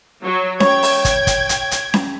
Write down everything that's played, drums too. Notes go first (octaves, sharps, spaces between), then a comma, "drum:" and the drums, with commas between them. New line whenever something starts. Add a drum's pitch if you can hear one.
F#3
C#5 G5 G#6, drum: snare C#4
drum: open hi-hat
drum: kick, hi-hat
drum: kick, hi-hat
drum: hi-hat
drum: hi-hat
drum: snare C#4